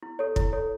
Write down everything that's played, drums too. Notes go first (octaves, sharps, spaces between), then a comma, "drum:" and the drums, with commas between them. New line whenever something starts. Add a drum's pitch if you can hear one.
E4
A4 C#5
E4, drum: kick
A4 C#5